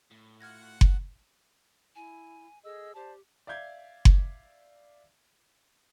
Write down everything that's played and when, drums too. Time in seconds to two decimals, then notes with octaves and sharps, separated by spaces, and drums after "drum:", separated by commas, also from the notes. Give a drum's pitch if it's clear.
0.11 A2
0.40 F4 F#4 F#5 F6 G#6 A#6
0.81 drum: kick F#1
1.95 E4 G#5
2.64 G#4 A4 D#5 E6
2.95 G4 C5 D5 A5
3.47 D5 E5 F5 G6 G#6
4.05 drum: kick F#1